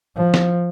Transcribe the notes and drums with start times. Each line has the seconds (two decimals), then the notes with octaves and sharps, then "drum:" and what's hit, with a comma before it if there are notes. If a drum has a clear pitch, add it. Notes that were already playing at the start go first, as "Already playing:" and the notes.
0.16 F3
0.34 drum: snare